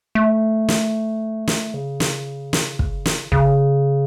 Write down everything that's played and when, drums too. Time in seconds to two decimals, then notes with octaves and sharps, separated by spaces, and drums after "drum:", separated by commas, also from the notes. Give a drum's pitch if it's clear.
0.15 A3
0.68 drum: snare
1.47 drum: snare
1.74 C#3
2.00 drum: snare
2.53 drum: snare
2.79 drum: kick
3.06 drum: snare
3.32 C#3, drum: kick